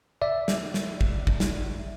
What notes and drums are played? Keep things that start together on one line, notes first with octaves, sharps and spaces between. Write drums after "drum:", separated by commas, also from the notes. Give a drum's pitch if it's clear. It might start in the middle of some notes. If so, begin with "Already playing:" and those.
D5 E5
drum: snare
drum: snare
drum: kick
drum: kick
drum: snare